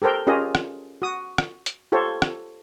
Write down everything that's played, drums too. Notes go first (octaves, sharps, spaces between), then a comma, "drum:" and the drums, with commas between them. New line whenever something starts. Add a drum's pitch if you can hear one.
G4 A4 A#4 C5 G5
C#4 F4 G4 G#4 A#4 D#5
drum: rim click
F#4 D#6
drum: rim click
drum: hi-hat
F4 G4 A4 C5 C#5
drum: rim click